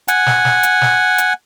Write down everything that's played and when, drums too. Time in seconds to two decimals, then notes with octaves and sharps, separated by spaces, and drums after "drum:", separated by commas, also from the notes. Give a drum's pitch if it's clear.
0.08 F#5 G#5, drum: hi-hat
0.26 drum: snare
0.45 drum: snare
0.63 drum: hi-hat
0.82 drum: snare
1.18 drum: hi-hat